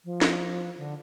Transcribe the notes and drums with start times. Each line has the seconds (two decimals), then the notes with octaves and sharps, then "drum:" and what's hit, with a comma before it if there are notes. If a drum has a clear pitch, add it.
0.05 F3
0.21 drum: snare
0.78 D3